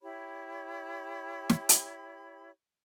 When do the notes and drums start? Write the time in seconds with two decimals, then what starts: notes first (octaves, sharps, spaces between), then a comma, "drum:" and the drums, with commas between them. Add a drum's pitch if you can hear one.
0.01 E4 G4 C#5 B5
1.49 drum: snare
1.69 drum: hi-hat